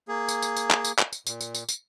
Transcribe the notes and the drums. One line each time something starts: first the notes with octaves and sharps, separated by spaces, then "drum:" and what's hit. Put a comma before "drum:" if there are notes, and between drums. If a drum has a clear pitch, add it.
A#3 G#4
drum: tambourine
drum: tambourine
drum: tambourine
drum: clap
drum: tambourine
drum: clap
drum: tambourine
A#2, drum: tambourine
drum: tambourine
drum: tambourine
drum: tambourine